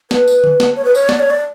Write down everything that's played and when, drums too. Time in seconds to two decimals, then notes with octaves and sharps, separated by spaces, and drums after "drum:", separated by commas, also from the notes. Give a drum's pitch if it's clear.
0.11 B4, drum: snare
0.27 drum: tambourine
0.44 drum: tom D3
0.60 drum: snare
0.76 C#5
0.85 B4
0.95 C#5, drum: tambourine
1.09 D5, drum: snare
1.20 C#5
1.30 D5